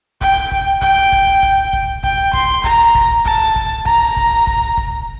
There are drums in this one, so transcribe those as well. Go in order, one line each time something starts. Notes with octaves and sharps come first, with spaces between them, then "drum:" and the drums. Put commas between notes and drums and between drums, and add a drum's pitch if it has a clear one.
G5, drum: kick
drum: kick
G5, drum: kick
drum: kick
drum: kick
drum: kick
G5, drum: kick
C6, drum: kick
A#5, drum: kick
drum: kick
A5, drum: kick
drum: kick
A#5, drum: kick
drum: kick
drum: kick
drum: kick